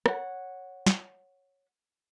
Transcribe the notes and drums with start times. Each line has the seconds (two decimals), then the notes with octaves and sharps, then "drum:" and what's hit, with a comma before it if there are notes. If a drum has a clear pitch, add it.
0.06 C#5 F#5, drum: rim click
0.86 drum: snare